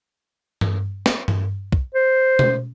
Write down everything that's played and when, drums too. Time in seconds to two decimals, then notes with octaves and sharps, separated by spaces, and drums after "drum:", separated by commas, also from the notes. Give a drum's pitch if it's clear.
0.61 drum: tom G2
1.06 drum: snare
1.28 drum: tom G2
1.72 drum: kick
1.95 C5
2.39 drum: tom B2